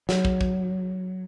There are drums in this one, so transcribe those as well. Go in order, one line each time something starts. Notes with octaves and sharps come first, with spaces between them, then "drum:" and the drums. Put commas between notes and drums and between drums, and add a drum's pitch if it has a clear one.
F#3, drum: snare
drum: kick
drum: kick